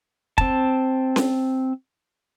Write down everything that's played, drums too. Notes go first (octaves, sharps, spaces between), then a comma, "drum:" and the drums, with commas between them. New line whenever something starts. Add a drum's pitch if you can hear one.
C4 A5, drum: kick
drum: snare C#4